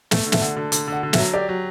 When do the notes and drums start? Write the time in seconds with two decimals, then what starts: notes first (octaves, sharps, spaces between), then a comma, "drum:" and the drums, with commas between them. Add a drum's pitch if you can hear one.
0.11 A3 E5, drum: snare
0.26 D3
0.32 E5, drum: snare
0.41 D3 F#5
0.56 D3
0.72 D3, drum: hi-hat
0.88 D3 F#5
1.03 D3
1.13 E5, drum: snare
1.18 F#3
1.33 G4 D5
1.49 F#3